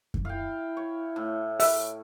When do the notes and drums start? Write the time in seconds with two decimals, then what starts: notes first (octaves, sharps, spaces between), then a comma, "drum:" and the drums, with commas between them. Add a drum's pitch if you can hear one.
0.14 drum: kick F#2
0.25 E4 F5 G5
0.77 C#5
1.16 A2
1.60 E5, drum: open hi-hat